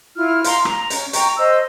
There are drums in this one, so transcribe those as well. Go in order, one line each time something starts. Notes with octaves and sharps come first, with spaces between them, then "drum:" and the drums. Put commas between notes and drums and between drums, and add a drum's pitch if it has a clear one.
E4 F4 F6
F5 A#5 C6, drum: hi-hat
A#5, drum: rim click
C#4, drum: hi-hat
G5 A#5 C#6, drum: hi-hat
C5 D#5 E6